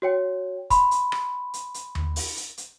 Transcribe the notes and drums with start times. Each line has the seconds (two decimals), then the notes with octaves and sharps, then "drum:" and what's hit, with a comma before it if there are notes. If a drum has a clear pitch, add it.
0.02 F#4 C#5 G5
0.70 B5 C6, drum: kick, hi-hat
0.91 drum: hi-hat
1.12 drum: rim click
1.54 drum: hi-hat
1.74 drum: hi-hat
1.95 drum: tom D#2
2.16 drum: open hi-hat
2.37 drum: hi-hat
2.58 drum: hi-hat